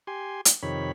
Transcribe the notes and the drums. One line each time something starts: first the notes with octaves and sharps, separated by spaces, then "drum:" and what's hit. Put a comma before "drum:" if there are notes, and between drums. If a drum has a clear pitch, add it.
G4 G#5 C6
drum: hi-hat
F2 C3 D#3 C#5 B5